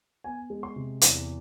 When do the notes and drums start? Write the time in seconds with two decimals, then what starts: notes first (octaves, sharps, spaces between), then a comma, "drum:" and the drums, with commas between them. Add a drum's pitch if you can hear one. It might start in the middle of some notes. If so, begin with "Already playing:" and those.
0.24 B3 G#5
0.50 G#3
0.63 C6
0.76 C3
1.01 E2, drum: hi-hat